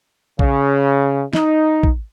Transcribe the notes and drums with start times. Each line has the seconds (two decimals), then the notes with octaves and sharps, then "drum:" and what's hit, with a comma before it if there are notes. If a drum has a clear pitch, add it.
0.39 C#3, drum: kick
1.33 D#4, drum: snare
1.83 drum: kick